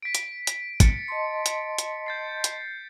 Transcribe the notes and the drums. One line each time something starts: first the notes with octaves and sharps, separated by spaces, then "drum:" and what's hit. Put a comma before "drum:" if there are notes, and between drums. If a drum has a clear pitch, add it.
B6 D7
drum: hi-hat
drum: hi-hat
A6 C#7, drum: kick, hi-hat
D#5 A5 C6
drum: hi-hat
drum: hi-hat
G6 A6 C7
drum: hi-hat